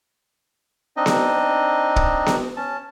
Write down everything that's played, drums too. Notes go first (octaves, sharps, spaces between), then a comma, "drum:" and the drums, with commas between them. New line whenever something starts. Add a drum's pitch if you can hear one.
C4 D4 D#4 D#5
drum: snare B3
drum: kick
drum: snare B3
C#4 A5